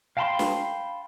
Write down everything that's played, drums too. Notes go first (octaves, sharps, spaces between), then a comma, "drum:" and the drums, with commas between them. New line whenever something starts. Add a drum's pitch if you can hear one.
F5 G5 A5 B5 C6
drum: snare